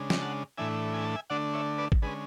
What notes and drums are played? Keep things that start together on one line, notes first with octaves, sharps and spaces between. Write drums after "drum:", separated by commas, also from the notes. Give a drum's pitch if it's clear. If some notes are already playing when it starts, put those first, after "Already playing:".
Already playing: C#3 G#3 D4
drum: snare
F#5 A5
A2 E3 A3 D4 E5 G#5
G#5
A5
E5 G#5
D3 A3 D4 D5 F#5
C#5 E5
B4 D5
drum: kick
D3 G#3 C#4 G#4 B4